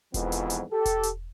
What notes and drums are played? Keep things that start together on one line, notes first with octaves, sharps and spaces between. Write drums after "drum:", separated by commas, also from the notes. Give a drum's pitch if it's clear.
F2 G#2 E3 F3 B3, drum: kick E1, hi-hat
drum: hi-hat
drum: hi-hat
G4 A4
drum: kick E1, hi-hat
drum: hi-hat